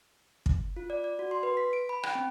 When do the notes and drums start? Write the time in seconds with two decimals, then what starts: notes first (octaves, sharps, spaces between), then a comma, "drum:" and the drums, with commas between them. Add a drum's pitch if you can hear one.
0.46 drum: kick
0.76 F4
0.90 D5
1.04 D5
1.19 F#4
1.31 C6
1.43 B4
1.57 B6
1.73 D7
1.89 B5
2.03 G5, drum: rim click
2.15 C4